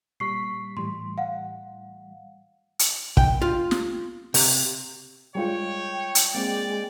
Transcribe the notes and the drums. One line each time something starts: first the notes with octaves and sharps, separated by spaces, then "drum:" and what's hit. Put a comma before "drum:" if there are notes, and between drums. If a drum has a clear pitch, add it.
A#2 G3 C#6 B6 C7
A2 E3 G3 C6
F5 F#5
drum: hi-hat
G5, drum: kick
F4
drum: snare
C3, drum: open hi-hat
G3 G#3 F4 C#5 G5
drum: hi-hat
G#3 A#3 C4 D5